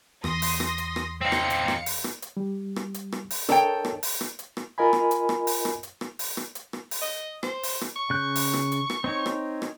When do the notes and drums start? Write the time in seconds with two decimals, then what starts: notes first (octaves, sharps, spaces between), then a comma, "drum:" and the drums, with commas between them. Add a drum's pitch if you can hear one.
0.24 E2 C6 D#6 A#6, drum: rim click
0.42 drum: open hi-hat
0.60 drum: rim click
0.78 drum: hi-hat
0.96 drum: rim click
1.21 C4 D#4 F5 C#7
1.32 drum: rim click
1.50 drum: hi-hat
1.68 drum: rim click
1.86 drum: open hi-hat
2.04 drum: rim click
2.22 drum: hi-hat
2.37 G3
2.76 drum: rim click
2.94 drum: hi-hat
3.12 drum: rim click
3.30 drum: open hi-hat
3.49 D4 A4 A#4 C#5 D#5 G5, drum: rim click
3.85 drum: rim click
4.03 drum: open hi-hat
4.21 drum: rim click
4.39 drum: hi-hat
4.57 drum: rim click
4.78 F4 A#4 D#5 G#5 B5
4.93 drum: rim click
5.11 drum: hi-hat
5.29 drum: rim click
5.47 drum: open hi-hat
5.65 drum: rim click
5.83 drum: hi-hat
6.01 drum: rim click
6.19 drum: open hi-hat
6.37 drum: rim click
6.55 drum: hi-hat
6.73 drum: rim click
6.91 drum: open hi-hat
7.01 D#5
7.43 C5, drum: rim click
7.63 drum: open hi-hat
7.81 drum: rim click
7.96 C#6
8.10 C#3 F#6 G6
8.35 drum: open hi-hat
8.54 drum: rim click
8.72 drum: hi-hat
8.90 drum: rim click
9.04 C4 D#4 C#5
9.26 drum: rim click
9.62 drum: rim click